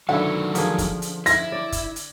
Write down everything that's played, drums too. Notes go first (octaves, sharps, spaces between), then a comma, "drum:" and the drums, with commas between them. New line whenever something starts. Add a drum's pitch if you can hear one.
D3 D#3 F#3 E4 F#5
F3 G#4 A#4, drum: hi-hat
drum: kick, hi-hat
drum: hi-hat
E4 A#6, drum: hi-hat
D5
drum: kick, hi-hat
drum: hi-hat